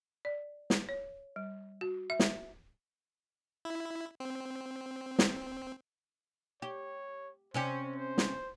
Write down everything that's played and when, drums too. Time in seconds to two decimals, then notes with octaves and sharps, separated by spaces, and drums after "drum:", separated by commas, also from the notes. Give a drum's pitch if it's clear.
0.25 D5
0.70 drum: snare
0.89 C#5
1.36 G3
1.81 F#4
2.10 E5
2.19 drum: snare
3.65 E4
4.20 C4
5.19 drum: snare
6.62 G4 C#5
7.54 C3 C#4 G4 C5
7.96 C5
8.18 drum: snare